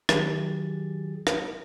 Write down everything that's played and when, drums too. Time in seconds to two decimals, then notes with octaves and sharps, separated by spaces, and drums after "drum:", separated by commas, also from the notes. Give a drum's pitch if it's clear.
0.09 D#3 F#3 G4 G#4 A6, drum: rim click
1.27 drum: rim click